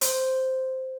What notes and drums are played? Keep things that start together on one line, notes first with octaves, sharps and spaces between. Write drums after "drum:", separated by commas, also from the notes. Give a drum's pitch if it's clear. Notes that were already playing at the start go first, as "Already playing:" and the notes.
C5, drum: hi-hat